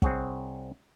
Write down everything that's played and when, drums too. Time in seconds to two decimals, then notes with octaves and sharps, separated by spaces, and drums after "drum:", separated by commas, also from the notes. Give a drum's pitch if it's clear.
0.02 C2 C4 G#4 C#5 F#5, drum: kick